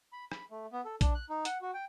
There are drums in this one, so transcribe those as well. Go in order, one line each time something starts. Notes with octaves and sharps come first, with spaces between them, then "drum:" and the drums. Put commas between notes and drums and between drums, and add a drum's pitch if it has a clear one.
B5
B5, drum: rim click
A3
B3
A4
D4, drum: kick A#1, hi-hat
F#6
D#4
F#5, drum: hi-hat
F#4
G5